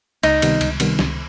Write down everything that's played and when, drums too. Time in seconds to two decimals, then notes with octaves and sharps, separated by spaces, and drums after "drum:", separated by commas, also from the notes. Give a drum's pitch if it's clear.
0.23 C#2 D#4, drum: cymbal
0.42 C3 D#3 G3 B3, drum: cymbal
0.61 C#2, drum: cymbal
0.80 C3 D#3 G3 B3, drum: cymbal
0.99 C#2, drum: snare